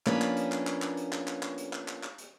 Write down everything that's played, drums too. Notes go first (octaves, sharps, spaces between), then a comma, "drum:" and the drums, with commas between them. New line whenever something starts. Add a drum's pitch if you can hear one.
F3 A#3 B3 C#4 D4 B4, drum: clap
drum: clap
drum: hi-hat
drum: clap
drum: clap
drum: clap
drum: hi-hat
drum: clap
drum: clap
drum: clap
drum: hi-hat
drum: clap
drum: clap
drum: clap
drum: hi-hat